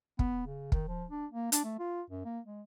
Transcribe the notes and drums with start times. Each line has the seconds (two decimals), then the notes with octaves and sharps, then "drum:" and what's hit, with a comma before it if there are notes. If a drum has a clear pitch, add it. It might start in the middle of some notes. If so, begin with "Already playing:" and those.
0.19 B3, drum: kick
0.47 C#3
0.72 D#3, drum: kick
0.88 F3
1.11 D4
1.32 A#3
1.52 D4, drum: hi-hat
1.64 A3
1.79 F4
2.10 F#2
2.25 A#3
2.46 G#3